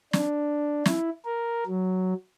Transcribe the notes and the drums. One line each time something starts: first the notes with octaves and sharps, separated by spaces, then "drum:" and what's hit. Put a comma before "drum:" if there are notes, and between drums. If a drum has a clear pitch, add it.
D4, drum: snare
E4, drum: snare
A#4
F#3